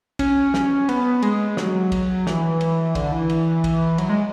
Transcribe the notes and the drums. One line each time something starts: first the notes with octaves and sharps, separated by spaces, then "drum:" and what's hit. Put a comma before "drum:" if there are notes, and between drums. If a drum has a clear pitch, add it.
C#4, drum: kick, cymbal
drum: snare
B3, drum: cymbal
G#3, drum: cymbal
F#3, drum: snare
drum: kick, cymbal
E3, drum: snare
drum: cymbal
D3, drum: kick, cymbal
E3
drum: cymbal
drum: kick, cymbal
F#3, drum: cymbal
G#3